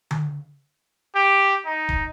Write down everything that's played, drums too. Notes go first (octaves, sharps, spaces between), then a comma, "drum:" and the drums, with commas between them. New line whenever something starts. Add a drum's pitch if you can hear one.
drum: tom D3
G4
D#4
drum: kick E1